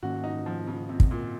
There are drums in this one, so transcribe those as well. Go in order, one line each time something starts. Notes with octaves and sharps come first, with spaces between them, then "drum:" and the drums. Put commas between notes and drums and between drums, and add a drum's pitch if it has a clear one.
G#2 D#3 A#3 C#4 F#4
D#4
F3
C#3
C3
drum: kick
A#2